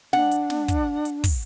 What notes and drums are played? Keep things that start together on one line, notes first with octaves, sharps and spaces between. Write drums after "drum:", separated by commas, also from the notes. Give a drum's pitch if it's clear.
D4 F#5, drum: snare
drum: hi-hat
drum: snare
drum: kick, hi-hat
drum: hi-hat
drum: kick, open hi-hat